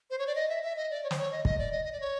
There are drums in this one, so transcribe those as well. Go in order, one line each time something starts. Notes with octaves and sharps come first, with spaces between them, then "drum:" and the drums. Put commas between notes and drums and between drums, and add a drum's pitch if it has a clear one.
C5
C#5
D5
D#5
E5
E5
D#5
D5
C#5
C5, drum: snare
C#5
D#5
D#5, drum: kick
D5
D#5
D#5
D5
C#5